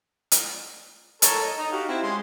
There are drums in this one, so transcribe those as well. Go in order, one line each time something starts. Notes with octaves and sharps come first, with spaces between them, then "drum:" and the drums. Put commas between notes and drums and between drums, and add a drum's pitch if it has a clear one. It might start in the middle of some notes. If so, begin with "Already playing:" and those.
drum: hi-hat
A4 A#4 C#5, drum: hi-hat
D#5
D#4
F#4 G4 F5
C4 E4
G#3 C#4 C6